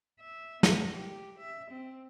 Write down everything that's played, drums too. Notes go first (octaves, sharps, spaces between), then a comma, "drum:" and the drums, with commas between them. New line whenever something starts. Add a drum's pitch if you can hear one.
E5
B3, drum: snare
G4
E5
C4